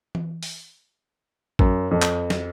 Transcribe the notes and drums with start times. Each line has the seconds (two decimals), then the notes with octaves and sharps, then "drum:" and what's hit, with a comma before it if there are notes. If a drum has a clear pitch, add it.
0.15 drum: tom E3
0.43 drum: open hi-hat
1.59 F#2, drum: kick A1
1.91 F2
2.02 drum: clap
2.30 drum: snare